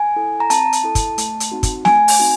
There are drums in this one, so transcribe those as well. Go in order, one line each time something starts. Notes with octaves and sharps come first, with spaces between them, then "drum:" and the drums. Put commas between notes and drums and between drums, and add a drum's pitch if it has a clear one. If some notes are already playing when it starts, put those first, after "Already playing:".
Already playing: G#5
E4 A4
A#5
C4 A5, drum: hi-hat
drum: hi-hat
E4 A4
drum: kick, hi-hat
A3, drum: hi-hat
drum: hi-hat
C4 D#4 F#4
drum: kick, hi-hat
A3 G#5, drum: snare
drum: open hi-hat
C4 D#4 F#4